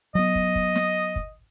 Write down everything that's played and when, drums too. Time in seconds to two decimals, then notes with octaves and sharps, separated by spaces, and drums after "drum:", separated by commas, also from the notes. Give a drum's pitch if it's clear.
0.15 F#3 B3 D#5
0.35 drum: kick
0.55 drum: kick
0.76 drum: snare
1.16 drum: kick